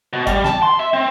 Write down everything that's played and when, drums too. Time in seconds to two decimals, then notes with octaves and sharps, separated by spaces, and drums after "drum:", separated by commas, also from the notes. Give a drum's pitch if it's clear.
0.13 B2
0.27 G3, drum: kick, hi-hat
0.44 A5, drum: snare
0.63 C6
0.79 E5
0.93 C4